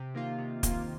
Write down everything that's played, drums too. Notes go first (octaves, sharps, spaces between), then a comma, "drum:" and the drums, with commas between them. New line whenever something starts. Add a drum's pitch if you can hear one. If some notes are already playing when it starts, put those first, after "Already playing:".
Already playing: C3
D#3 A#3 F4
C3
D#3 A#3 F4, drum: kick, hi-hat